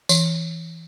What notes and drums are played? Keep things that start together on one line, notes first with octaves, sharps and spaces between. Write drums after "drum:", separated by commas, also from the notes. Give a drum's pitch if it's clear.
E3, drum: tambourine